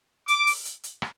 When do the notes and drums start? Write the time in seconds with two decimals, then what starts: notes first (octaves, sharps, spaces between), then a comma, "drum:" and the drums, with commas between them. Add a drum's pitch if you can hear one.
0.28 D6, drum: hi-hat
0.47 drum: open hi-hat
0.65 drum: hi-hat
0.84 drum: hi-hat
1.02 drum: rim click